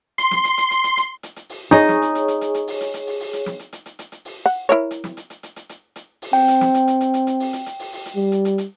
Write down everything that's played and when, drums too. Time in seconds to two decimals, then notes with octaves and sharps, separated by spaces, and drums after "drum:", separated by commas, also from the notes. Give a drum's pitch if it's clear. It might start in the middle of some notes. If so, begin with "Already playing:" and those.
0.18 C6, drum: hi-hat
0.31 drum: snare
0.44 drum: hi-hat
0.58 drum: hi-hat
0.71 drum: hi-hat
0.84 drum: hi-hat
0.97 drum: hi-hat
1.23 drum: hi-hat
1.36 drum: hi-hat
1.49 drum: open hi-hat
1.71 D#4 G#4 C#5 D#5
1.89 drum: snare
2.02 drum: hi-hat
2.15 drum: hi-hat
2.28 drum: hi-hat
2.41 drum: hi-hat
2.54 drum: hi-hat
2.68 drum: open hi-hat
2.81 drum: hi-hat
2.94 drum: hi-hat
3.07 drum: open hi-hat
3.20 drum: open hi-hat
3.33 drum: hi-hat
3.46 drum: snare
3.59 drum: hi-hat
3.73 drum: hi-hat
3.86 drum: hi-hat
3.99 drum: hi-hat
4.12 drum: hi-hat
4.25 drum: open hi-hat
4.46 F#5
4.69 E4 A#4 C#5
4.91 drum: hi-hat
5.04 drum: snare
5.17 drum: hi-hat
5.30 drum: hi-hat
5.43 drum: hi-hat
5.56 drum: hi-hat
5.69 drum: hi-hat
5.96 drum: hi-hat
6.22 drum: open hi-hat
6.33 C4 G5, drum: open hi-hat
6.48 drum: hi-hat
6.61 drum: snare
6.74 drum: hi-hat
6.87 drum: hi-hat
7.01 drum: hi-hat
7.14 drum: hi-hat
7.27 drum: hi-hat
7.40 drum: open hi-hat
7.53 drum: hi-hat
7.66 drum: hi-hat
7.79 drum: open hi-hat
7.92 drum: open hi-hat
8.06 drum: hi-hat
8.15 G3
8.32 drum: hi-hat
8.45 drum: hi-hat
8.58 drum: hi-hat